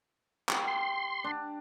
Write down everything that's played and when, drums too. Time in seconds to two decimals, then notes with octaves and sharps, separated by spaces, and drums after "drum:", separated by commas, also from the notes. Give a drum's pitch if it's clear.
0.49 G4, drum: clap
0.67 C6
1.24 D4